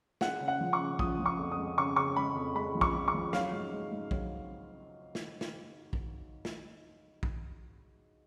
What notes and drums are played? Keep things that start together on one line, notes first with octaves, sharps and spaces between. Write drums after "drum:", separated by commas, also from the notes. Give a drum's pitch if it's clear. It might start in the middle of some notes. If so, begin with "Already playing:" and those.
G#3 F#5, drum: snare
C#3
F#5
F3
C#6
C#3
F3 D#6, drum: kick
F3
C#6
F2
D#6
G#3
C#3 C#6
C#3 C#6
G#3 B5
F2
G#3 B5
F3
C#6, drum: kick
F3
C#6
F3
F#3 F5, drum: snare
G#2
G#2
G#2
F#3, drum: kick
drum: snare
drum: snare
drum: kick
drum: snare
drum: kick